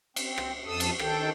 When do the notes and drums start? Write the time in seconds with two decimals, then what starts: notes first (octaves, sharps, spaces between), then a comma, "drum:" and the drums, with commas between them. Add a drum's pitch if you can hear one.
0.16 C4, drum: cymbal
0.38 drum: rim click
0.66 F2 A4 D#6 E6
0.80 drum: cymbal
0.99 D#3 A4 G5, drum: rim click